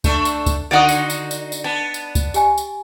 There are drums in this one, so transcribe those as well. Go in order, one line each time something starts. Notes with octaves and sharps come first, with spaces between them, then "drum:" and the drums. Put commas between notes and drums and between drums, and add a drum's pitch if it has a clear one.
A3 D4 A4, drum: kick C#2, tambourine
drum: tambourine
drum: kick C#2, tambourine
D3 D#4 F#4 D5 F#5 D#6
drum: tambourine
drum: tambourine
drum: tambourine
drum: tambourine
B3 D4 A5
drum: tambourine
drum: kick C#2, tambourine
G4 G5 G#5, drum: tambourine
drum: tambourine